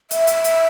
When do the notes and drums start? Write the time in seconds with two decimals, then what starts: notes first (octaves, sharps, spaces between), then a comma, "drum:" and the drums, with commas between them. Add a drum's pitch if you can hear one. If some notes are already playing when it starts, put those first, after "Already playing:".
0.11 E5, drum: hi-hat
0.27 drum: hi-hat
0.44 drum: hi-hat